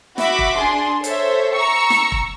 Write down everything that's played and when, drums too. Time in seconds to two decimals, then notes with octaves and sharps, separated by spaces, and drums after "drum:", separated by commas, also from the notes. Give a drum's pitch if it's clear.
0.18 F#4 E5 B5 D6, drum: snare
0.39 drum: kick E1
0.56 D4 G#4 C6
1.04 A4 C5 C#5 E5, drum: hi-hat
1.54 A#5 C#6 E6 C#7
1.90 drum: snare
2.12 drum: kick E1